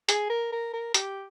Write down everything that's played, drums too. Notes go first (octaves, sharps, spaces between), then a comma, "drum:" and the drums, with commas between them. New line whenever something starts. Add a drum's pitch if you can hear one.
G#4, drum: hi-hat
A#4
A#4
A#4
G4, drum: hi-hat